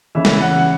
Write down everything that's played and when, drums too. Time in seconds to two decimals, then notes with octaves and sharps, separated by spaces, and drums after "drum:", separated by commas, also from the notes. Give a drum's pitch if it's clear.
0.15 C#3 E3 E5
0.25 drum: snare
0.41 F#5
0.59 F#5